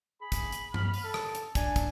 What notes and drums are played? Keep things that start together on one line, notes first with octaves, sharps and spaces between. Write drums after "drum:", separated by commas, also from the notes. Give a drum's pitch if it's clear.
G#4 B5
drum: kick, hi-hat
drum: hi-hat
F6, drum: tom G2
drum: open hi-hat
A4
drum: rim click
drum: hi-hat
D4 G#5, drum: kick, hi-hat
drum: kick, hi-hat